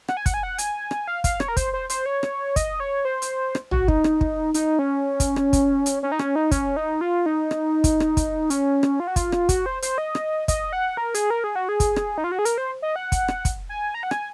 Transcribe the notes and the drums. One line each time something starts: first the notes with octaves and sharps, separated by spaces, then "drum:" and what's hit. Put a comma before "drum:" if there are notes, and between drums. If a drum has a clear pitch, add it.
F#5, drum: rim click
G#5
F#5, drum: kick, hi-hat
G#5
F#5
G#5, drum: hi-hat
drum: rim click
F5
F5, drum: kick, hi-hat
C#5, drum: rim click
A#4
C5, drum: kick, hi-hat
C5
C5, drum: hi-hat
C#5
drum: rim click
D#5, drum: kick, hi-hat
C#5
C5
drum: hi-hat
drum: rim click
F#4, drum: tom
D#4, drum: kick
drum: rim click
drum: kick
D#4, drum: hi-hat
C#4
drum: kick, hi-hat
drum: rim click
drum: kick, hi-hat
drum: hi-hat
C#4
D#4
C#4, drum: rim click
D#4
C#4, drum: kick, hi-hat
D#4
F4
D#4
drum: rim click
drum: kick, hi-hat
drum: rim click
drum: kick, hi-hat
C#4, drum: hi-hat
drum: rim click
F4
F#4
F4, drum: kick, hi-hat
drum: rim click
F#4, drum: kick, hi-hat
C5
C5, drum: hi-hat
D#5
drum: rim click
D#5, drum: kick, hi-hat
F#5
A#4
G#4, drum: hi-hat
A#4
G#4
F#4
G#4
drum: kick, hi-hat
drum: rim click
D#4
F4
F#4
G#4
A#4, drum: hi-hat
C5
D#5
F#5
drum: kick, hi-hat
drum: rim click
drum: kick, hi-hat
G#5
A#5
F#5
G#5, drum: rim click